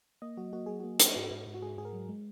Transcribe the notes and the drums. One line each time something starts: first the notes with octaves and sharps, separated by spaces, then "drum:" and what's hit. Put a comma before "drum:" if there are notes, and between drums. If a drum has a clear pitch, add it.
A#3 D#5
F#3 F#4
A#3 F#4
F#3 G#4
A#3 F#4
A#3, drum: hi-hat
G#2 F#4
G#2
G#2
F#4
G#2 G#4
G#2 G#4
A#4
F#3
G#3